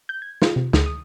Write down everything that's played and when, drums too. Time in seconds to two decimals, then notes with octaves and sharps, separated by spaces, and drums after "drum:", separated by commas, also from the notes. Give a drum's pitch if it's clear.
0.09 G6
0.22 G#6
0.42 F4, drum: snare
0.56 C3
0.73 D2, drum: snare
0.86 D#6